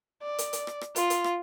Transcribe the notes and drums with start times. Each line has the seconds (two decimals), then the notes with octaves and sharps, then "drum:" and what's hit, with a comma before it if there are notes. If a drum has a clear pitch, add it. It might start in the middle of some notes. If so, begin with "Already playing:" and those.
0.23 D5
0.38 drum: hi-hat
0.53 drum: hi-hat
0.67 drum: rim click
0.81 drum: rim click
0.96 F4, drum: hi-hat
1.10 drum: hi-hat
1.24 drum: rim click